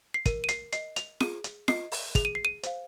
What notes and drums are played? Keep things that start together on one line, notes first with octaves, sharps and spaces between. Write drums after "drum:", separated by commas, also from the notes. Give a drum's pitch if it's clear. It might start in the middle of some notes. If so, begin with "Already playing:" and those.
C7
A#4 D#7, drum: kick, hi-hat
D#7
C7, drum: hi-hat
D#5 C7, drum: hi-hat
F7, drum: hi-hat
G#4 D#7, drum: snare F4
drum: hi-hat
D#5 C7, drum: snare F4
drum: open hi-hat
G#4 F7, drum: kick, hi-hat
D#7
C7
D#7
C5 F5, drum: hi-hat